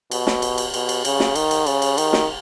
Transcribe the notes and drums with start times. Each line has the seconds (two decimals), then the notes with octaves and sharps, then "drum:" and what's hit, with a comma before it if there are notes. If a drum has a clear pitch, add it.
0.11 B2, drum: cymbal
0.27 drum: snare
0.42 drum: cymbal
0.58 drum: cymbal
0.74 B2, drum: cymbal
0.89 drum: cymbal
1.05 C#3, drum: cymbal
1.20 drum: snare
1.35 D#3, drum: cymbal
1.51 drum: cymbal
1.66 C#3, drum: cymbal
1.82 drum: cymbal
1.98 D#3, drum: cymbal
2.13 drum: snare